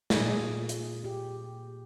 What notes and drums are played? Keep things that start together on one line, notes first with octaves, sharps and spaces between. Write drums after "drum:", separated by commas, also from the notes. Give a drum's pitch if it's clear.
A#2 G#4, drum: snare
drum: hi-hat
G4